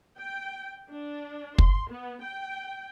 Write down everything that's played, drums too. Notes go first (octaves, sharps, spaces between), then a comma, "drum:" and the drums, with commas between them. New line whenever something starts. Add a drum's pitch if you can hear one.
G5
D4
C6, drum: kick
B3
G5